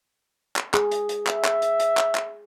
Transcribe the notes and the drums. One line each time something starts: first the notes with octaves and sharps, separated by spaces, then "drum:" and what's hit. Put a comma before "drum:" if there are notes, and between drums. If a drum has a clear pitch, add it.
drum: clap
G#4, drum: clap
drum: hi-hat
drum: hi-hat
E5, drum: clap
drum: clap
drum: hi-hat
drum: hi-hat
drum: clap
drum: clap